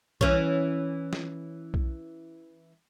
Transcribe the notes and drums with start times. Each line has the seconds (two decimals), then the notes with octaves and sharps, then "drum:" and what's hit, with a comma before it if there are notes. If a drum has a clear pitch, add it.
0.21 E3 C#4, drum: kick B1
1.13 drum: snare
1.74 drum: kick B1